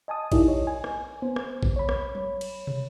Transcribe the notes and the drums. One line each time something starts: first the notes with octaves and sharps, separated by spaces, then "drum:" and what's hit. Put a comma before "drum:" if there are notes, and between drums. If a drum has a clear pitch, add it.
D#5 G#5 A5 D#6
D#4 E4 G4 A#4 D5 D#5, drum: kick, cymbal
C#5 D#5
G#5
drum: rim click
B3 C5
drum: rim click
drum: kick
C#5 B5
drum: rim click
drum: tom F#3
drum: cymbal
drum: tom